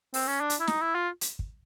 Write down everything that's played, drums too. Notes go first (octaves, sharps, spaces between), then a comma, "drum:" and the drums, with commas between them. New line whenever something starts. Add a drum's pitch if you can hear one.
C4, drum: open hi-hat
C#4
D4
drum: hi-hat
E4
D#4, drum: snare
E4
F4
drum: hi-hat
drum: kick